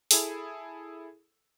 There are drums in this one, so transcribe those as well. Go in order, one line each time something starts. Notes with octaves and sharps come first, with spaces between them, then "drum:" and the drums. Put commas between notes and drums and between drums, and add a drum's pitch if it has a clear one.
E4 G#4 A4, drum: open hi-hat